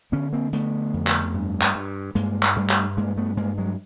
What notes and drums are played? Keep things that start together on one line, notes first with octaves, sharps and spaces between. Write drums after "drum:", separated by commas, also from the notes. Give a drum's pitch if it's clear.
D3 B3 C#4
A#3 C4
D3 A3 B3, drum: hi-hat
F2
drum: clap
G2
drum: clap
G2
G2 G#3 A#3, drum: hi-hat
drum: clap
G2 G3 A3
drum: clap
G2 G#3 A#3
A3 B3
G2 G#3 A#3
F#3 G#3